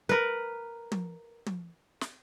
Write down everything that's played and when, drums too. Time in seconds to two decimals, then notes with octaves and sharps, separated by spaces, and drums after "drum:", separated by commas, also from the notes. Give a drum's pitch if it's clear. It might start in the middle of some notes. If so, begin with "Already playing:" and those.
0.09 A#4 B4
0.92 drum: tom
1.46 drum: tom
2.01 drum: snare